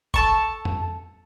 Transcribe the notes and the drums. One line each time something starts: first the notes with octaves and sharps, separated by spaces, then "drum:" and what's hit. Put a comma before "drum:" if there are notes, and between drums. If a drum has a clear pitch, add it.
A4 A5 C#6, drum: kick
drum: tom F2